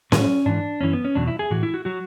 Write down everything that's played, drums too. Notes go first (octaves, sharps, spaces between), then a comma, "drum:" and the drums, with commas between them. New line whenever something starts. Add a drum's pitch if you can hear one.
A2 F#3 C#4, drum: snare C#4
G#2 E3 D4
F#2 E3 C#4
B3
C#4
E2 B2 F#3 D4
E4
G#4
A2 E3 F#4
E4
F#4
F#3 F#4